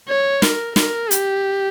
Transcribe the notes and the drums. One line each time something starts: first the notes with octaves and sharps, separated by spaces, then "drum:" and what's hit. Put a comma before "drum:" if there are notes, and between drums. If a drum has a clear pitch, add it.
C#5
A#4, drum: snare
A#4, drum: snare
G4, drum: hi-hat